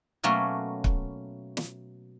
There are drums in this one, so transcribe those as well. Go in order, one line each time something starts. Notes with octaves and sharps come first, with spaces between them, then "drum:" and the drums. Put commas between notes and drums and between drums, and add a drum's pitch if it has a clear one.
B2 F#3 A3 A#3 C#4
drum: kick
drum: snare